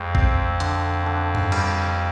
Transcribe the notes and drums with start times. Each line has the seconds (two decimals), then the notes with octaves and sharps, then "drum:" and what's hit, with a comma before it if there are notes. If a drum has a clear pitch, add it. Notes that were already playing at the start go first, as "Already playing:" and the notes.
Already playing: F2 G#3
0.15 C4, drum: kick
0.60 D3, drum: hi-hat
1.06 D3
1.35 drum: tom G2
1.52 G3, drum: cymbal